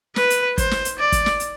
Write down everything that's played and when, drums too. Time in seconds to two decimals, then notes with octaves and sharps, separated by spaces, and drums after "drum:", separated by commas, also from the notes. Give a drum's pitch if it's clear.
0.16 B4, drum: snare
0.30 drum: hi-hat
0.58 C5, drum: kick, hi-hat
0.71 drum: snare
0.85 drum: hi-hat
0.99 D5
1.12 drum: kick, hi-hat
1.26 drum: snare
1.40 drum: hi-hat